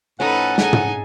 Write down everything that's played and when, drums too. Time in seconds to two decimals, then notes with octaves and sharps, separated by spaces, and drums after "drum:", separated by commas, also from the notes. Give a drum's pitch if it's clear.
0.20 A2 F3 C#4 D#4 A4 B4 F#5
0.58 D#4 G#4 A4 D#5 G#5, drum: snare
0.73 drum: tom